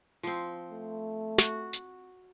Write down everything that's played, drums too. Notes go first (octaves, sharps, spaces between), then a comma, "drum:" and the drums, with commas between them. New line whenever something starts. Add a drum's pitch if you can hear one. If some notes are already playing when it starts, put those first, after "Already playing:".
F3 C4
A3
F#4, drum: snare
drum: hi-hat